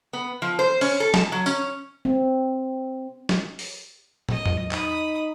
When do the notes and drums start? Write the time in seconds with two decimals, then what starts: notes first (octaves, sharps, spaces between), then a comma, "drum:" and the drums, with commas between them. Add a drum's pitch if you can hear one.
0.13 B3
0.42 F3
0.59 C5
0.81 C#4, drum: open hi-hat
1.00 A4
1.14 A5, drum: snare
1.32 F#3
1.46 C#4, drum: tambourine
2.05 C4
3.29 drum: snare
3.59 drum: open hi-hat
4.29 D#5, drum: tom
4.46 drum: tom E2
4.71 D#4 B5 D#6, drum: clap